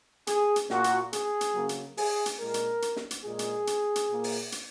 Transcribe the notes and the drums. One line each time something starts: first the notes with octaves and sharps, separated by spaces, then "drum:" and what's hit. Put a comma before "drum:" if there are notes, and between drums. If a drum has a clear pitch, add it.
G#4, drum: hi-hat
drum: hi-hat
A#2 A#3 F#4, drum: snare
drum: hi-hat
G#4, drum: hi-hat
drum: hi-hat
C#3 F#3 A#3
drum: hi-hat
G#4, drum: open hi-hat
drum: hi-hat
A#2 G#3 A#4
drum: hi-hat
drum: hi-hat
drum: snare
drum: hi-hat
A#2 G#3 G#4
drum: hi-hat
drum: hi-hat
drum: hi-hat
A#2 A#3
drum: open hi-hat
drum: hi-hat